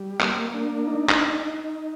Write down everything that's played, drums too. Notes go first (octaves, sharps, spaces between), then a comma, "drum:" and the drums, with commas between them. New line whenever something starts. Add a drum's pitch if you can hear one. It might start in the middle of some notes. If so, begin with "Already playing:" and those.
Already playing: G3
A#3, drum: clap
D4
D#4
drum: clap
D#4
D#4